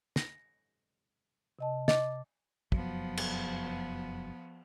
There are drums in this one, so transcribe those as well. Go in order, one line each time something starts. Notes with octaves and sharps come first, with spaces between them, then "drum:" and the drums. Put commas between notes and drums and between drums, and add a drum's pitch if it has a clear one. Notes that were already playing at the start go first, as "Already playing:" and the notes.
A#6, drum: snare
C3 D#5 A5
D#5 D6, drum: snare
F1 F#2 F3 F#3 B3, drum: kick
drum: cymbal